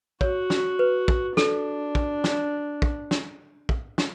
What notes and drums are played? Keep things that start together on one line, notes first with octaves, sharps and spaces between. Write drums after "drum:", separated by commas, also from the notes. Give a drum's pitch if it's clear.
F#4 C#5, drum: kick
drum: snare
B4
drum: kick
D4 A4, drum: snare
drum: kick
drum: snare
drum: kick
drum: snare
drum: kick
drum: snare